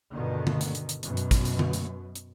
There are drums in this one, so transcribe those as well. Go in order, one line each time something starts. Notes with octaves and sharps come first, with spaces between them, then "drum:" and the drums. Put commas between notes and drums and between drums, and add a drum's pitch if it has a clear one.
G1 B2 D3 D#3
drum: tom
drum: hi-hat
drum: hi-hat
drum: hi-hat
F#2 B2, drum: hi-hat
drum: hi-hat
drum: kick, hi-hat
drum: hi-hat
drum: tom
drum: hi-hat
drum: hi-hat